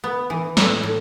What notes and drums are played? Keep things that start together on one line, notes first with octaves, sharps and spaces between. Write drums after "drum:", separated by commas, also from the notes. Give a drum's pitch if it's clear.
B3
E3
A2, drum: snare
A2